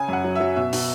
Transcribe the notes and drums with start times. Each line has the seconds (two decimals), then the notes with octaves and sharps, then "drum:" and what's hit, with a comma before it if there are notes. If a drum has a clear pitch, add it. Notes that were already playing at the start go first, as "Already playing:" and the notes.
Already playing: C#3 G#5
0.08 F#2 F#5
0.24 F#3
0.35 F#3 E5
0.56 B2 E5
0.73 B2, drum: open hi-hat